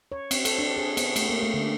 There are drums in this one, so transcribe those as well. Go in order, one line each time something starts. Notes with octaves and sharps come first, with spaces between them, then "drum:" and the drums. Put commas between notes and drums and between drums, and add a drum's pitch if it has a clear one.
C#5
C4, drum: cymbal
A4, drum: cymbal
D4
G#4
B3, drum: cymbal
A3, drum: cymbal
A#3
A3
D3